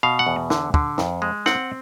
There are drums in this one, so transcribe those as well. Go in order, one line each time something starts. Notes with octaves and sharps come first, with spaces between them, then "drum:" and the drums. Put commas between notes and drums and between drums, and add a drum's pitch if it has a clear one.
B2 F5
F#5
E2
D3, drum: snare
D3, drum: kick
F2, drum: snare
G#3
C4 F#5, drum: snare